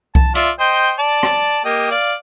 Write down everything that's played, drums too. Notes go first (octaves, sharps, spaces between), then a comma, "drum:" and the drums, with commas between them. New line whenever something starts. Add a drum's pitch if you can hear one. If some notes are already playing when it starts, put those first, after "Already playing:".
A5, drum: kick C2
F4 D5 E5, drum: hi-hat
C5 D#5 G5
D5 A5
drum: rim click
A#3 G4 D#5
D5 F5